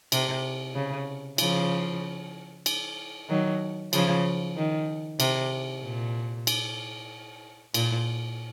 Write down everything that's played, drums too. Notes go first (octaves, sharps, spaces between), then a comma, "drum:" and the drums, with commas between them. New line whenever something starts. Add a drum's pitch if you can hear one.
C3, drum: cymbal
C#3
C#3 F3, drum: cymbal
drum: cymbal
D#3 F#3
C#3 F3, drum: cymbal
D#3
C3, drum: cymbal
A#2
drum: cymbal
A#2, drum: cymbal